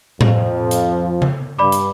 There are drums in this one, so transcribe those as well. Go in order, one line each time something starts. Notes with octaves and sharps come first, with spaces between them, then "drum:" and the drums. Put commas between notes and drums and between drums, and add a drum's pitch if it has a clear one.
F2 F3, drum: tom A2
drum: hi-hat
drum: tom C#3
G2 D5 B5 D6
drum: hi-hat